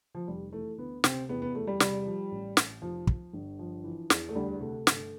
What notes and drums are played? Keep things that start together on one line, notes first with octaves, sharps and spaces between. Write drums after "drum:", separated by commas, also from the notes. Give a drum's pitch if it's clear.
F3
F1 G3
E3 A3
D2 B3
C3 C4, drum: snare
E2 B3
B3
E2 A3
G3
C3 G3, drum: snare
F3
A1
A1, drum: snare
F1 F3
F3, drum: kick
G1
F3
E3
E2, drum: snare
A3
D2 G3
C3 A3
G1, drum: snare